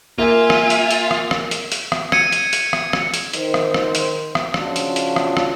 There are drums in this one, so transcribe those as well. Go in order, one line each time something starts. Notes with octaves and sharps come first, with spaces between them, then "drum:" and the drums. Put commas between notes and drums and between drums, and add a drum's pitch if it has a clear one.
A#3 F4 E5 G#5
drum: rim click
drum: hi-hat
drum: hi-hat
drum: rim click
drum: rim click
drum: hi-hat
drum: hi-hat
drum: rim click
G#6 C#7 D#7, drum: rim click
drum: hi-hat
drum: hi-hat
drum: rim click
drum: rim click
drum: hi-hat
D#3 C5, drum: hi-hat
drum: rim click
drum: rim click
drum: hi-hat
drum: rim click
C#3 F3 C#4 D4 F4 F#4, drum: rim click
drum: hi-hat
drum: hi-hat
drum: rim click
drum: rim click